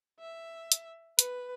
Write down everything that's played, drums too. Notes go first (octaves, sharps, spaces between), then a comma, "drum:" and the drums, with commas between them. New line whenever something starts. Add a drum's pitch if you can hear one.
E5
drum: hi-hat
B4, drum: hi-hat